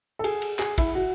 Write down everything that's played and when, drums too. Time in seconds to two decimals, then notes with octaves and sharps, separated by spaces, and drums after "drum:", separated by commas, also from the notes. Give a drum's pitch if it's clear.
0.19 A4
0.24 G#4, drum: cymbal
0.42 drum: cymbal
0.59 G#4, drum: clap
0.78 E4, drum: kick A1, cymbal
0.95 F#4